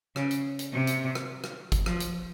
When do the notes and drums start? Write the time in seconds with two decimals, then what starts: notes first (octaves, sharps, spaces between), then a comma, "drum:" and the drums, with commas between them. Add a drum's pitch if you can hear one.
0.16 C#3, drum: rim click
0.31 drum: hi-hat
0.59 drum: hi-hat
0.73 C3
0.87 drum: hi-hat
1.15 drum: rim click
1.44 drum: rim click
1.72 drum: kick G#1, hi-hat
1.86 F3, drum: rim click
2.00 drum: hi-hat